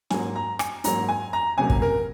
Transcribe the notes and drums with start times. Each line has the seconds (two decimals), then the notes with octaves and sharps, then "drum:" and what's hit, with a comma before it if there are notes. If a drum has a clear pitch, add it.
0.10 G#2 F#3 A#3 G#5, drum: snare
0.36 A#5
0.59 G#5, drum: rim click
0.84 G#2 F#3 A#3 A#5, drum: hi-hat
1.08 G#5
1.33 A#5
1.57 C#2 C3 F#3 A#3 G#5
1.70 drum: kick
1.82 A#4